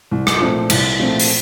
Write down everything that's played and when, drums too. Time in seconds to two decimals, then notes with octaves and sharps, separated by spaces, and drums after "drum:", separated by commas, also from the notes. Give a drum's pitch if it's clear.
0.11 C2
0.27 drum: rim click
0.40 A#2 F3 A3 C4
0.70 C2, drum: cymbal
0.99 A#2 F3 A3 C4
1.20 drum: open hi-hat